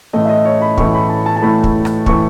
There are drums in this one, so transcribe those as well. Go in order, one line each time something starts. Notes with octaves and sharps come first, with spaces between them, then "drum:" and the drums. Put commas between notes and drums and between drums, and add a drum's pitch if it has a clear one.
A2 E3 A3 D#5
E5
D#5
C#5
B5
A2 E3 A3 C#6, drum: kick
B5
A5
A5
A5
A2 E3 A3 B5
drum: kick
drum: rim click
A2 E3 A3 C#6, drum: kick